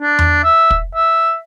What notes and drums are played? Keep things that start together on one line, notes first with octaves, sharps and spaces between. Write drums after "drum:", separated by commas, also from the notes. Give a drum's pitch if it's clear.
D4
drum: tom E2
E5
drum: kick
E5